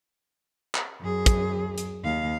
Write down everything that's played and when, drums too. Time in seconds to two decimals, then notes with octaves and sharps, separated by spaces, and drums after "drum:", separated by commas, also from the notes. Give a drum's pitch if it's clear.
0.75 drum: clap
1.01 F#2 G#4
1.26 drum: kick, hi-hat
1.78 drum: hi-hat
2.03 D#2 F5